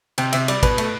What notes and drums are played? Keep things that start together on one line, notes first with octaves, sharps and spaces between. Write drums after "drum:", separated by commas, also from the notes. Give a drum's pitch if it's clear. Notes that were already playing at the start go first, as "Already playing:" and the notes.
C3 G5, drum: cymbal
C3 E5, drum: cymbal
G3 D5, drum: cymbal
B2 B4, drum: kick, cymbal
A3, drum: cymbal